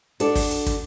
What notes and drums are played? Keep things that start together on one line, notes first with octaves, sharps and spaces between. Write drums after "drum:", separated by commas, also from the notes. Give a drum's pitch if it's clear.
D4 F#4 A4 D5, drum: hi-hat
drum: kick, open hi-hat
drum: hi-hat
drum: kick, hi-hat